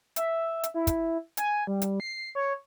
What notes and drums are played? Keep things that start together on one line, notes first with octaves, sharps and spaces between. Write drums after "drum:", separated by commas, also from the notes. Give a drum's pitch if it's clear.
E5, drum: hi-hat
drum: hi-hat
E4
drum: kick, hi-hat
G#5, drum: hi-hat
G3
drum: hi-hat
C7
C#5